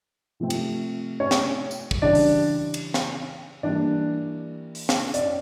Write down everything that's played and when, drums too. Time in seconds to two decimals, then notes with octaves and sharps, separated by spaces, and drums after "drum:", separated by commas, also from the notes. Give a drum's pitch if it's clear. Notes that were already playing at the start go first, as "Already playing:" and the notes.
0.40 C3 F3 A3 C4
0.50 drum: cymbal
1.20 C#4 C#5
1.31 drum: snare
1.71 drum: tambourine
1.91 drum: kick
2.01 C#3 E3 G3 D4 D5
2.15 drum: open hi-hat
2.74 drum: cymbal
2.94 drum: snare
3.63 E3 G3 A#3 D4 D5
4.75 drum: open hi-hat
4.89 drum: snare
5.14 D5, drum: hi-hat
5.25 C#4